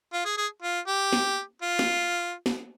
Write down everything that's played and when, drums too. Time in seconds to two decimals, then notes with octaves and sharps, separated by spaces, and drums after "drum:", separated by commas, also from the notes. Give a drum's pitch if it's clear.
0.13 F4
0.25 G#4
0.38 G#4
0.62 F4
0.87 G4
1.13 drum: snare
1.62 F4
1.79 drum: snare
2.46 drum: snare